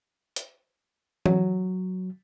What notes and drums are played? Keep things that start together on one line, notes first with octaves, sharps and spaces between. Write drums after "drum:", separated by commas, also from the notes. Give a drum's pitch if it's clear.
drum: hi-hat
F#3, drum: tom E3